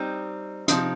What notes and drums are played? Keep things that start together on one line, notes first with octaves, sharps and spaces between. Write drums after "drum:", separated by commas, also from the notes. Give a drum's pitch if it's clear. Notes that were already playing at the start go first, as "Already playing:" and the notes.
Already playing: G3 C4 D#4
C3 F3 C4 D#4, drum: hi-hat